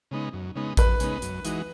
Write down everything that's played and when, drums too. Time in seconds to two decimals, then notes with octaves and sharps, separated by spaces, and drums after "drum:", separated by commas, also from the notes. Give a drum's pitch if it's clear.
0.11 C#3 G#3 B3 D#4
0.33 F#2
0.56 C#3 G#3 B3 D#4
0.77 F#2 B4, drum: kick A1, hi-hat
1.00 C#3 G#3 B3 D#4, drum: hi-hat
1.22 F#2, drum: hi-hat
1.45 E3 G#3 D#4 F#4, drum: hi-hat